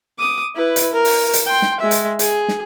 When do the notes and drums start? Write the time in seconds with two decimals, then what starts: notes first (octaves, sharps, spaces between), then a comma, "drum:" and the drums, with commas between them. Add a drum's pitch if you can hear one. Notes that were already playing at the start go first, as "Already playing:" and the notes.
0.18 D6 D#6
0.56 E4 B4
0.76 drum: hi-hat
0.93 A#4
1.05 drum: open hi-hat
1.33 drum: hi-hat
1.46 G5 C6
1.62 drum: snare
1.80 G#3 E5
1.91 drum: hi-hat
2.19 G#4, drum: hi-hat
2.48 drum: snare